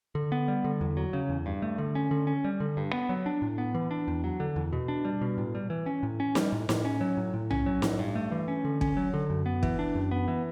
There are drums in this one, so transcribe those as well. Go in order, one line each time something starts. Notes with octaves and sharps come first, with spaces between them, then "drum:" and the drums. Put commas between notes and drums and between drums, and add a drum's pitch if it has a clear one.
D3
B3
G3
D3
E2
F#3
C#3
E2
G2
A3
D3
C#4
D3
C#4
G3
D3
G2
B3
F#3
D4
A2
B3
E3
D4
E2
F#3
D3
E2
B2
D4
G3
B2
A2
G3
E3
C#4
A2
C#4
G3, drum: snare
A2
A2, drum: snare
C#4
F#3
A2
A2
C#4, drum: tom B1
F#3
A2, drum: snare
G2
A3
E3
C#4
D3
C#4, drum: kick
F#3
D3
F#2
B3
E3, drum: kick
D4
F#2
B3
E3